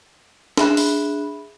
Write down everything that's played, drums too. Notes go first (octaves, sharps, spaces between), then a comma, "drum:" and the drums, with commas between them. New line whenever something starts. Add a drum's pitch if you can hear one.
D4 G#4 E5 B5 F#6 E7, drum: snare
drum: open hi-hat